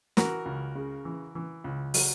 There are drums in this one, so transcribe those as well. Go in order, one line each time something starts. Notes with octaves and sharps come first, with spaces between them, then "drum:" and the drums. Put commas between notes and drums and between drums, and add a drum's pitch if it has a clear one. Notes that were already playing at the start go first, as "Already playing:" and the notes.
E3 F#4 A#4, drum: snare
C#2
C#3
E3
E3
C#2
F#3, drum: open hi-hat